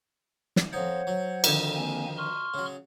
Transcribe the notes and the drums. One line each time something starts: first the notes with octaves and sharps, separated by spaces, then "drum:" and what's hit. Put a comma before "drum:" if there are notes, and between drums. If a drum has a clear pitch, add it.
drum: snare
F2 D#4 C5 C#5 F#5
F#3
F2 D3 D#3, drum: cymbal
A#3 C4 G#5
C6 C#6 F6
C#3 F#3